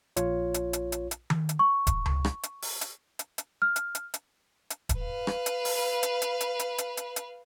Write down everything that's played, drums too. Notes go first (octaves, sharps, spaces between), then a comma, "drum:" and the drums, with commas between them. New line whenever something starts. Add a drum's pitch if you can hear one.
A#1 F4 C#5, drum: hi-hat
drum: hi-hat
drum: hi-hat
drum: hi-hat
drum: hi-hat
drum: tom D#3
drum: hi-hat
C#6
drum: kick D#1, hi-hat
drum: tom C#2
drum: rim click
drum: hi-hat
drum: open hi-hat
drum: hi-hat
drum: hi-hat
drum: hi-hat
F6
drum: hi-hat
drum: hi-hat
drum: hi-hat
drum: hi-hat
drum: kick D#1, hi-hat
B4 F5
drum: rim click
drum: hi-hat
drum: open hi-hat
drum: hi-hat
drum: hi-hat
drum: hi-hat
drum: hi-hat
drum: hi-hat
drum: hi-hat
drum: hi-hat